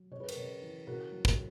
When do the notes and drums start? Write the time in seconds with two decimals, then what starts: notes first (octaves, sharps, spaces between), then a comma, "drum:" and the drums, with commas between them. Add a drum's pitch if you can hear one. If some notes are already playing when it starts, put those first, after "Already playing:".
Already playing: F#3
0.11 C#3 C#5
0.20 B4
0.29 A#4 C#5, drum: cymbal
0.37 C#3
0.62 E3
0.87 C#3 F#4 A#4
1.12 F#3
1.25 drum: kick